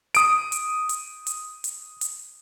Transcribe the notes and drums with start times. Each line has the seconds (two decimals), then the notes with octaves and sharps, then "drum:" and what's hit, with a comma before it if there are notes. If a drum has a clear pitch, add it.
0.15 D#6 D7, drum: hi-hat
0.52 drum: hi-hat
0.89 drum: hi-hat
1.27 drum: hi-hat
1.64 drum: hi-hat
2.01 drum: hi-hat